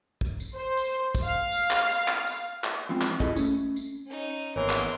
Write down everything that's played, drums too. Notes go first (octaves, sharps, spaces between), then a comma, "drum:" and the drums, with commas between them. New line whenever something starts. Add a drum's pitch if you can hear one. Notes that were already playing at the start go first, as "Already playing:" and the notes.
drum: kick
drum: tambourine
C5
drum: tambourine
drum: kick, tambourine
F5
drum: tambourine
drum: clap
drum: tambourine
drum: clap
drum: tambourine
drum: clap
E2 G#2 F3 C4
drum: clap
E4 F4 G#4 A4 D#5, drum: kick
A3 C#4, drum: tambourine
drum: tambourine
C#4 D#4
G#1 E3 A#3 B3 A#4 C#5 C6
drum: clap